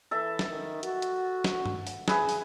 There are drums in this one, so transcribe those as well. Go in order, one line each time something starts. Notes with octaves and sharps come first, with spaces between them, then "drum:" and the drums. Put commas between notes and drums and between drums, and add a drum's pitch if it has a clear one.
E3 A4 E5
drum: snare
D#3
F#4, drum: hi-hat
drum: hi-hat
drum: snare
drum: tom G2
drum: open hi-hat
G#4 B4 E5, drum: snare
drum: open hi-hat